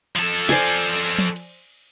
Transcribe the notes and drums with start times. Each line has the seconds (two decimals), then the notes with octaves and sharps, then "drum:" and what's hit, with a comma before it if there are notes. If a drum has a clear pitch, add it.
0.16 F3 A4, drum: open hi-hat
0.49 C5 D5 G#5, drum: snare
1.18 drum: tom F3
1.36 drum: cymbal